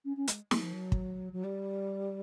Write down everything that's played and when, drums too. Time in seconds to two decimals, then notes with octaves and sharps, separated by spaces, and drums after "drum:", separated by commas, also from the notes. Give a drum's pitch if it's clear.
0.05 C#4
0.16 C#4
0.28 G#3, drum: hi-hat
0.51 F#3, drum: snare
0.62 F3
0.73 F#3
0.92 drum: kick
1.32 F#3
1.44 G3